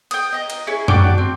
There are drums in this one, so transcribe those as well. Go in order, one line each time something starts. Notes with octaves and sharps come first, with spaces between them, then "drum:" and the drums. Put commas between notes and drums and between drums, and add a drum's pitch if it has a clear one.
G5 D#6, drum: cymbal
D#5 A#5
drum: cymbal
C#4 E4 G#4
D4 F#4 G5 D6, drum: tom F#2
C4